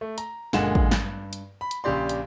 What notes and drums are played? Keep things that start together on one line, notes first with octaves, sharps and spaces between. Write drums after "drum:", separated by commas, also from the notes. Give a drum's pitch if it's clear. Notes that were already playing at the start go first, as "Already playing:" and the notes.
A3
A#5, drum: hi-hat
F#1 A#2 D3 G#3 F#5 E7, drum: snare
drum: kick
G2, drum: snare
drum: hi-hat
B5
drum: hi-hat
A#1 C#3 G4 D5 C6
drum: hi-hat